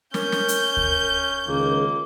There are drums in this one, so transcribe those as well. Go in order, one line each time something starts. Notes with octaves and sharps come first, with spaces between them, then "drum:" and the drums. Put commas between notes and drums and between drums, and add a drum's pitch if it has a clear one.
C#4 A#4 G6, drum: snare
drum: snare
drum: hi-hat
drum: kick D2
C#2 D#3 A#3 G#4